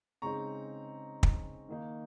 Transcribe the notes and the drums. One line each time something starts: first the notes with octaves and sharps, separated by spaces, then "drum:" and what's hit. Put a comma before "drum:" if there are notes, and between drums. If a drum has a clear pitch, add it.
C#3 G#3 C4 D#4 A#5 C#6
drum: kick
D#3 A#3 D#4